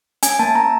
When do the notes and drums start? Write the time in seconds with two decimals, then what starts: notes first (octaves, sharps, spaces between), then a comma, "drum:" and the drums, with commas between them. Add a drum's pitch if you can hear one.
0.23 C#4 G#5, drum: hi-hat
0.39 A#3 A5
0.55 A#3 A#5